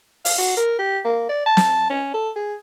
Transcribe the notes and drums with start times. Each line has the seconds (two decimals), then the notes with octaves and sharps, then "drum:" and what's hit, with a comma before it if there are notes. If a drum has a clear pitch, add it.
0.25 F5, drum: open hi-hat
0.38 F#4
0.57 A#4
0.79 G4
1.05 A#3
1.29 D5
1.46 A5
1.57 drum: snare
1.90 C#4
2.14 A4
2.36 G#4